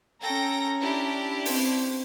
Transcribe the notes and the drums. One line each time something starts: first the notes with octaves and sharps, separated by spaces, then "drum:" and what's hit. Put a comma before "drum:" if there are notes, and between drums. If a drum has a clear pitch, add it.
C#4 A4 G5 A#5 A#6
D4 E4 G4
C4 C5, drum: open hi-hat